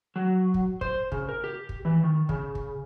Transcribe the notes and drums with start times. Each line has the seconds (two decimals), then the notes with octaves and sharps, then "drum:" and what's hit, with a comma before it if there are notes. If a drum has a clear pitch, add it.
0.16 F#3
0.54 drum: kick
0.81 C5, drum: kick
1.12 C#3, drum: kick
1.29 A#4
1.44 G4
1.69 drum: kick
1.85 E3
2.04 D#3
2.29 C#3, drum: kick
2.55 drum: kick